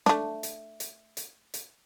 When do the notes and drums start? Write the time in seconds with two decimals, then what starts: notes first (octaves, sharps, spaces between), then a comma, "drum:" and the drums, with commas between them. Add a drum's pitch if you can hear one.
0.06 A3 D4, drum: snare
0.43 drum: hi-hat
0.80 drum: hi-hat
1.17 drum: hi-hat
1.54 drum: hi-hat